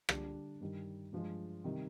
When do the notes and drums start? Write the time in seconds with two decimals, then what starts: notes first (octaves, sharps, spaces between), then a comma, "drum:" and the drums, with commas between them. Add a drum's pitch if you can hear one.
0.09 D3 G3 D4 G4 D5, drum: rim click
0.61 G2 D#3 G3
1.13 G2 F3 G#3
1.64 C3 D#3 G3